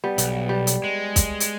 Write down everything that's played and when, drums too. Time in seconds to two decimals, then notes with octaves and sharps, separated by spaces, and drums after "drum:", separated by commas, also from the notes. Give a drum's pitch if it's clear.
0.04 G3 B3
0.18 B1, drum: hi-hat
0.49 G3
0.67 drum: hi-hat
0.84 G#3
1.16 drum: kick, hi-hat
1.40 drum: hi-hat